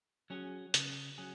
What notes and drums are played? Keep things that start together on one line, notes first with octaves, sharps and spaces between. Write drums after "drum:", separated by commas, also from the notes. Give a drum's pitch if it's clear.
F#3 C#4 G#4
C#3, drum: hi-hat
F#3 C#4 G#4